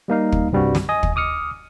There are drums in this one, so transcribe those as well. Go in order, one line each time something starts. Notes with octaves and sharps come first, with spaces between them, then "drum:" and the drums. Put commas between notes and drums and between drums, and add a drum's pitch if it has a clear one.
G3 A#3 D#4 F5
drum: kick
C2 G2 G3 C4 F#4
drum: snare
D#5 G#5 D#6
drum: kick
D6 D#6 F6 C#7